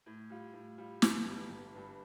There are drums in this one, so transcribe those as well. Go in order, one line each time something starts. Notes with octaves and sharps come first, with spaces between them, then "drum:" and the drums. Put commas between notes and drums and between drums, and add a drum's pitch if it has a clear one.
A2
G3 F4
A2
G3 F4
G1, drum: snare
G2 G3
G1
G2 G3